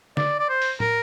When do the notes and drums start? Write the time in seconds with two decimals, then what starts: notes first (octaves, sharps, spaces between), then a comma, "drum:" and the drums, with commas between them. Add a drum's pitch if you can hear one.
0.17 D5, drum: snare
0.39 D5
0.49 C5
0.62 drum: open hi-hat
0.80 A#4, drum: tom